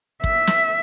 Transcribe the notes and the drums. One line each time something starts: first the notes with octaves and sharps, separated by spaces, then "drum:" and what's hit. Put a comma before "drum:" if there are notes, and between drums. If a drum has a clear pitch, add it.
E5, drum: kick
drum: snare